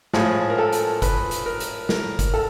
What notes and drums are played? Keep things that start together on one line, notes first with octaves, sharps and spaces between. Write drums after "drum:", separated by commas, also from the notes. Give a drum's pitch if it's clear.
A2 F3 G#3 G#4, drum: snare
A#4
A4
drum: hi-hat
B4, drum: kick, hi-hat
drum: hi-hat
A#4
drum: hi-hat
A#4, drum: snare
drum: kick, hi-hat
A4